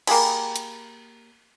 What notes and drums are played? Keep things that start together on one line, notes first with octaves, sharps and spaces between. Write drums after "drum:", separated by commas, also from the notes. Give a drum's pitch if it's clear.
A#3 G4 G#4 B5, drum: cymbal
drum: hi-hat